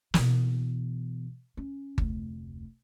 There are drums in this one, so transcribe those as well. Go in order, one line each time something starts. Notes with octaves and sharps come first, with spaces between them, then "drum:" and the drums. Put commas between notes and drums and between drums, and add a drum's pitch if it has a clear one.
B2 E3, drum: snare
C#4
F1 D2, drum: kick G1